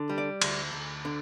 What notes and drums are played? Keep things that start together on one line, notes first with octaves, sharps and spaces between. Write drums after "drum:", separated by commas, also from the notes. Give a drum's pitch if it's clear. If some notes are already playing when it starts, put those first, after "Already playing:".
Already playing: D3
G3
D5
D2, drum: cymbal
D2
D3